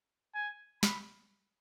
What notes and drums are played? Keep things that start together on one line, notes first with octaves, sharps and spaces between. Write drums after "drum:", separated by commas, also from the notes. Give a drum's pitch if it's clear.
G#5
B5, drum: snare